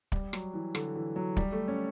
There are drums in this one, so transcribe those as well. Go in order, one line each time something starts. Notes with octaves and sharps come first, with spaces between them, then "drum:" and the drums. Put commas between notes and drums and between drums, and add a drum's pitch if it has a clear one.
G3, drum: kick
F#3, drum: rim click
E3
D3, drum: rim click
E3
F#3
G3, drum: kick
A3
C#4